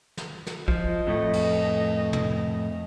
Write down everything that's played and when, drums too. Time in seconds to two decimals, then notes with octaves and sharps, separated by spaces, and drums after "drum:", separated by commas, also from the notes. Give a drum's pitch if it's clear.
0.17 drum: snare
0.47 drum: snare
0.68 F3 D#5, drum: kick
1.07 F2 A2 A3
1.33 drum: cymbal
2.13 drum: tom